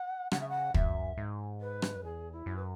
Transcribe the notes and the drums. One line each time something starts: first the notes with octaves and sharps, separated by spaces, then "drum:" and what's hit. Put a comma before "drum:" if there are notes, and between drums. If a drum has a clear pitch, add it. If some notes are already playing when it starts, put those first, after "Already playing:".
Already playing: F#5
C#3 F#5, drum: rim click
E5
F#5
F#2 E5, drum: kick
G#2
B4
drum: rim click
F#2
E2 G#4
E4
F#2
B4